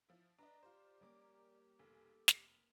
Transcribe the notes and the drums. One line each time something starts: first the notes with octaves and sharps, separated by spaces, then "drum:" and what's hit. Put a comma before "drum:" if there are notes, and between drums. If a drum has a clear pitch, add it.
F3 E4
D4 B4 D5 D#5 A#5
F4 G4 C5
G3 A#3 C#4 A#4 D6
F1 B1 G#4 A4
F1, drum: snare